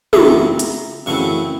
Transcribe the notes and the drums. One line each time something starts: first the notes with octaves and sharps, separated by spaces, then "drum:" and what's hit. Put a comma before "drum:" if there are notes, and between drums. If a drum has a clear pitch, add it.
F#2 C#3 E3 A3 C4 A#5, drum: tom
A#5, drum: hi-hat
F#2 C#3 E3 A3 C4 C#6